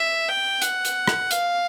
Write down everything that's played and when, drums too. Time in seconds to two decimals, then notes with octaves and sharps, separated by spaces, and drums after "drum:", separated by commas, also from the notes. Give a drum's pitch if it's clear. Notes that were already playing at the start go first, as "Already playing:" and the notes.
Already playing: E5
0.28 G5
0.62 F#5, drum: hi-hat
0.85 drum: hi-hat
1.08 drum: rim click
1.31 F5, drum: hi-hat